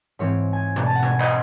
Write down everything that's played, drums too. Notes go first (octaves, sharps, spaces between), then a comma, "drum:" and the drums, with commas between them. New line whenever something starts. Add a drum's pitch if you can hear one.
G#2 E3 G#3 C4 C#5
G#5
drum: tom B2
A5
F#5
G#5, drum: tom B2
D#5, drum: clap